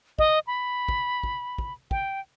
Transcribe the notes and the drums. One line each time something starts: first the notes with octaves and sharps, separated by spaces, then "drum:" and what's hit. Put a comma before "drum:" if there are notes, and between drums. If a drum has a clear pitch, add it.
D#5, drum: kick
B5
drum: kick
drum: kick
drum: kick
G5, drum: kick